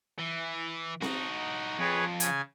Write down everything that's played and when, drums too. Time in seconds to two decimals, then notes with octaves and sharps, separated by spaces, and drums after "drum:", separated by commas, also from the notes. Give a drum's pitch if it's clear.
0.19 E3
1.02 D#4 F#4, drum: snare C4
1.79 F2 G#4 B4 C#5
2.20 C#3 G#5, drum: hi-hat